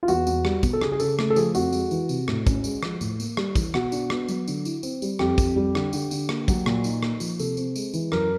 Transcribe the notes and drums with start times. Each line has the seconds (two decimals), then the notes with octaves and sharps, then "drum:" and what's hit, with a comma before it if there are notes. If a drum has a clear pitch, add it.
0.03 F4
0.08 E2 F#4, drum: tambourine
0.27 E2, drum: tambourine
0.45 G3, drum: rim click
0.63 B2, drum: kick, tambourine
0.73 A4
0.81 C#3 G#4, drum: rim click
0.92 G#4
1.00 C#3 A4, drum: tambourine
1.19 A3, drum: rim click
1.30 A4
1.36 F3 G#4, drum: tambourine
1.55 F2 F#4, drum: tambourine
1.73 G#3, drum: tambourine
1.91 E3, drum: tambourine
2.09 C3, drum: tambourine
2.28 A2, drum: rim click
2.47 C#4, drum: kick, tambourine
2.64 G#3, drum: tambourine
2.83 F3, drum: rim click
3.01 A2, drum: tambourine
3.20 A#3, drum: tambourine
3.37 G3, drum: rim click
3.55 E3, drum: kick, tambourine
3.74 B2 F#4, drum: rim click
3.92 D4, drum: tambourine
4.10 B3, drum: rim click
4.28 F#3, drum: tambourine
4.47 D3, drum: tambourine
4.65 E4, drum: tambourine
4.83 C4, drum: tambourine
5.02 G3, drum: tambourine
5.19 F2 G4, drum: rim click
5.38 F2, drum: kick, tambourine
5.56 G3
5.75 D3, drum: rim click
5.93 D3, drum: tambourine
6.11 D3, drum: tambourine
6.29 A#3, drum: rim click
6.48 F#3, drum: kick, tambourine
6.66 A#2, drum: rim click
6.84 D#4, drum: tambourine
7.03 A#3, drum: rim click
7.20 F3, drum: tambourine
7.39 C3 A4, drum: tambourine
7.57 C4, drum: tambourine
7.76 G#3, drum: tambourine
7.94 E3, drum: tambourine
8.12 F#2 A#4, drum: rim click